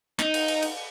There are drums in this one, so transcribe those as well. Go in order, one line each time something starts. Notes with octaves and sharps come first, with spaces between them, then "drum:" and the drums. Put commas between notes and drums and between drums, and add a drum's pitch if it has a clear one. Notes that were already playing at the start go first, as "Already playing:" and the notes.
D#4, drum: clap
drum: cymbal
drum: cymbal
drum: cymbal